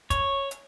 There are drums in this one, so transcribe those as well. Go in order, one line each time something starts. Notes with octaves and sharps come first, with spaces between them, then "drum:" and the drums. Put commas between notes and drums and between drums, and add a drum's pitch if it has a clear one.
C#5, drum: kick, hi-hat
drum: hi-hat